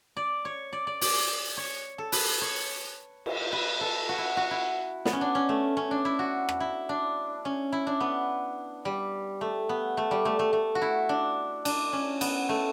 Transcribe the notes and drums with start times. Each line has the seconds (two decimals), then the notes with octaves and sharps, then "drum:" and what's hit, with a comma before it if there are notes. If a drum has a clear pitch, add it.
0.17 D5
0.45 C#5
0.73 D5
0.87 D5
1.01 D5, drum: open hi-hat
1.57 C#5
1.98 A4
2.12 B4, drum: open hi-hat
2.41 C#5
3.26 drum: cymbal
3.52 B4
3.81 A4
4.09 F#4
4.18 E4
4.37 F#4
4.51 E4
5.05 B3, drum: snare
5.13 C#4
5.21 D4
5.35 C#4
5.49 A3
5.77 C#4
5.91 D4
6.05 E4
6.19 F#4
6.49 drum: rim click
6.60 E4
6.89 D4
7.45 C#4
7.72 E4
7.87 D4
8.00 B3
8.85 G3
9.41 A3
9.69 B3
9.97 A3
10.11 G3
10.25 A3
10.39 A3
10.53 A3
10.75 F#4
10.82 E4
11.09 D4
11.65 D4, drum: cymbal
11.93 C#4
12.21 B3, drum: cymbal
12.49 A3